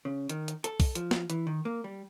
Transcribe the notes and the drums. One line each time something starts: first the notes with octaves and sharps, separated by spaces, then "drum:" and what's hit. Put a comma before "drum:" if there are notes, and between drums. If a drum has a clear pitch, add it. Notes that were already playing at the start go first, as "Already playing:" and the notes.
C#3
D#3, drum: hi-hat
drum: hi-hat
A4, drum: hi-hat
drum: kick, open hi-hat
F3, drum: hi-hat
drum: snare
E3, drum: hi-hat
D#3
A#3
G3